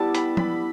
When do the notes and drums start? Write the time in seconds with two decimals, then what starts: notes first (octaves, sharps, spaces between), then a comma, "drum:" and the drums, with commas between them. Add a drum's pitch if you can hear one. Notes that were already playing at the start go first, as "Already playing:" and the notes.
Already playing: G3 B3 D4 E4 A5
0.15 B5, drum: hi-hat
0.37 B5, drum: tom F3